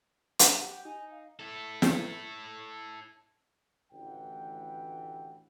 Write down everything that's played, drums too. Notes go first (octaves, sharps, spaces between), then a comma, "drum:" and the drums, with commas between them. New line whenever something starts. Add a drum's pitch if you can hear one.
drum: hi-hat
G4 F#5
D#4 G#5
F5
E4 A4
drum: snare
A1 D2 D#3 E3 F#5 G5